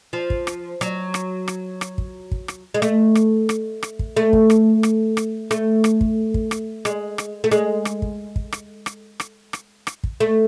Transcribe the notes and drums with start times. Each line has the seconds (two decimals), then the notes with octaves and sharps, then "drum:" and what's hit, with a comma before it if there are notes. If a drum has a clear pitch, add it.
0.13 F3
0.30 drum: kick
0.47 drum: rim click
0.81 F#3, drum: rim click
1.14 drum: rim click
1.48 drum: rim click
1.81 drum: rim click
1.98 drum: kick
2.31 drum: kick
2.48 drum: rim click
2.74 G#3
2.82 A3, drum: rim click
3.15 drum: rim click
3.49 drum: rim click
3.83 drum: rim click
3.99 drum: kick
4.16 A3
4.33 drum: kick
4.50 drum: rim click
4.83 drum: rim click
5.17 drum: rim click
5.51 A3, drum: rim click
5.84 drum: rim click
6.01 drum: kick
6.34 drum: kick
6.51 drum: rim click
6.85 G#3, drum: rim click
7.18 drum: rim click
7.44 A3
7.51 G#3, drum: rim click
7.85 drum: rim click
8.02 drum: kick
8.36 drum: kick
8.52 drum: rim click
8.86 drum: rim click
9.20 drum: rim click
9.53 drum: rim click
9.87 drum: rim click
10.04 drum: kick
10.20 A3